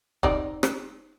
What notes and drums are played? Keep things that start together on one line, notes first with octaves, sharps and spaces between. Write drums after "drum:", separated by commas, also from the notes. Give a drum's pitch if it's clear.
C4 D#4 D5, drum: kick
drum: rim click